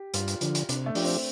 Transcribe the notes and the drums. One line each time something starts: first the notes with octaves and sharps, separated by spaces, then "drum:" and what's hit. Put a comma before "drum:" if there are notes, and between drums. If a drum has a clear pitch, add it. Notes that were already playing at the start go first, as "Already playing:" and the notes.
Already playing: G4
G2 F4, drum: hi-hat
drum: hi-hat
D3 F3, drum: hi-hat
drum: hi-hat
C3 D4, drum: hi-hat
A3
F3 D4 G4, drum: open hi-hat
C4